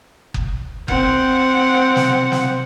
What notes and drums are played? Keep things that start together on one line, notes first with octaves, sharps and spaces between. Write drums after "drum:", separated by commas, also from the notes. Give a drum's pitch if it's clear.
drum: kick F#1
C4 F#5, drum: kick F#1
drum: snare
drum: snare